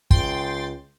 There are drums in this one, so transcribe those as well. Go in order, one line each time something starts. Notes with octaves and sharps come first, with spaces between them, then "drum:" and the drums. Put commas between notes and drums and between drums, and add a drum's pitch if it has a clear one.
C#2 G5 C6 A6, drum: kick